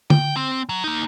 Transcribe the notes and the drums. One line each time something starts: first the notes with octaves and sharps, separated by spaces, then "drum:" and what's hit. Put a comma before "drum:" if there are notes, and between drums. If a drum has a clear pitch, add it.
G5, drum: tom D3
C4
F#3
A#3 D#4